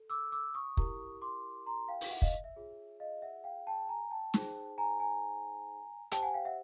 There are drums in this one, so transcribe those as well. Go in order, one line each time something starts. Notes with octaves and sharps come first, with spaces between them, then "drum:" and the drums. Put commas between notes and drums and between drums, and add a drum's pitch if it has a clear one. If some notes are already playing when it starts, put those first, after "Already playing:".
Already playing: A4
D6 E6
D6 E6
C#6 D#6
E4 G4 A#4, drum: kick
C6 D6
A#5 C6
F5 G5
drum: open hi-hat
E5 F#5
D#5 F5, drum: kick
E5
F4 G#4 C#5
D#5 F5
E5 F#5
F5 G5
G5 A5
G#5 A#5
G5 A5
D#4 G#4 C5, drum: snare
G#5 A#5
G#5 A#5
G4 C5 G5 A5, drum: hi-hat
F#5 G#5
F5 G5
E5 F#5